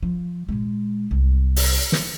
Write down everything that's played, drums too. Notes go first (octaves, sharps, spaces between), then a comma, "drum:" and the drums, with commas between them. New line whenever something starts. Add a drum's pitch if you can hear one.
F3
A#2 G#3
C2
drum: open hi-hat
drum: snare